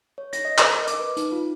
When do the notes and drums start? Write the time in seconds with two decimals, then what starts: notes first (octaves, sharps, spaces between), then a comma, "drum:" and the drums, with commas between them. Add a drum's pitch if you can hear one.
0.18 C#5
0.33 A#6, drum: hi-hat
0.45 D#5
0.58 A#4, drum: clap
0.70 D#5
0.87 D6, drum: hi-hat
1.00 B4
1.17 D#4, drum: hi-hat
1.32 F4